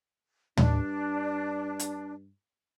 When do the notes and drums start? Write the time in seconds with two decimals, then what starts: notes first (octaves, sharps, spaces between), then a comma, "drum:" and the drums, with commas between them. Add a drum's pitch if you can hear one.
0.57 G2 D4, drum: tom
1.79 drum: hi-hat